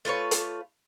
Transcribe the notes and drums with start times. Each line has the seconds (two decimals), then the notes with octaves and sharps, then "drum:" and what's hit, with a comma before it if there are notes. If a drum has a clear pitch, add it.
0.05 A3 F4 B4 C#5
0.31 drum: hi-hat